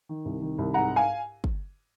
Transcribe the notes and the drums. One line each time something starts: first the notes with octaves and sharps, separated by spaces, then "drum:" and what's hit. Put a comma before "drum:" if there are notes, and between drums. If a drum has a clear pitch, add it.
D#3
C2
D#3
C2
G#2 F#5 A#5
G#2
F5 G#5
drum: kick